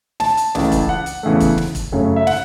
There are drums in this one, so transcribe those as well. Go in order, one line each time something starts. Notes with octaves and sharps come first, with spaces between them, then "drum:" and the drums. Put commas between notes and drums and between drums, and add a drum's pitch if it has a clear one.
A5, drum: snare
drum: hi-hat
C#2 C#3 E3 A3, drum: snare
drum: kick E1, hi-hat
F#5
drum: hi-hat
E2 C#3 A3
drum: kick E1, hi-hat
drum: snare
drum: kick E1, hi-hat
F#2 C#3 A3
E5
F#5, drum: snare